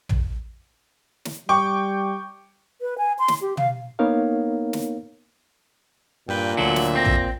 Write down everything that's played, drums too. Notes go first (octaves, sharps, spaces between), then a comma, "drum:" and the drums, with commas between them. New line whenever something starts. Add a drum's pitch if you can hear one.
drum: tom
drum: snare
G3 G5 C#6 D6
B4
G#5
C6
drum: snare
G4
F5, drum: tom
A#3 B3 D#4 A#4 C#5 F5
drum: snare
G2 A#2 B4 G5
D2 D3 F#3 E5 F#7
drum: snare
C4 A#6
drum: tom